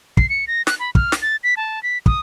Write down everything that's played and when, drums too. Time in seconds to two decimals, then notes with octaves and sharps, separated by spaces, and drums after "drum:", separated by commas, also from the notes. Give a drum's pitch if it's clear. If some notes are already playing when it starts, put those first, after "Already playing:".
0.17 C7, drum: kick
0.30 C#7
0.47 A#6
0.67 F#6, drum: snare
0.80 B5
0.95 F6, drum: kick
1.12 drum: snare
1.22 A6
1.44 B6
1.57 A5
1.83 B6
2.06 D#6, drum: kick